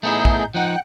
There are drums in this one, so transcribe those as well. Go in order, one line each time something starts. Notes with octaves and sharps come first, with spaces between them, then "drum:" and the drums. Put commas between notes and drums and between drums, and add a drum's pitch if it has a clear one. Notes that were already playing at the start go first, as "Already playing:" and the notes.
A3 B3 D#4 E4 G#4 G6
drum: kick
F3 D#4 F#5 G5 F#6